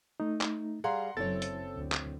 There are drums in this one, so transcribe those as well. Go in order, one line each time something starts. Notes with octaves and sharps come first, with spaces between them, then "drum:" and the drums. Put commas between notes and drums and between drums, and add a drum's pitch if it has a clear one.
A3 D#4
drum: clap
G3 G#4 F5 F#5 A#5 C6
F#1 F#3 C4 E4 A4 C#5 A6
drum: hi-hat
D2
drum: clap